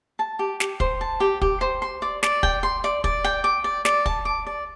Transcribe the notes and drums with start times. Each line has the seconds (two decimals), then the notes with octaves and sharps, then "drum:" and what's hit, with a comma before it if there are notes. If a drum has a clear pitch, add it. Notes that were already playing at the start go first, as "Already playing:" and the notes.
0.19 A5
0.39 G4
0.60 G4, drum: snare
0.80 C5, drum: kick
1.01 A5
1.20 G4
1.42 G4, drum: kick
1.61 C5
1.82 C6
2.02 D5
2.23 D5, drum: snare
2.43 G5, drum: kick
2.63 C6
2.84 D5
3.04 D5, drum: kick
3.24 G5
3.44 D6
3.64 D5
3.85 D5, drum: snare
4.06 A5, drum: kick
4.25 D6
4.47 D5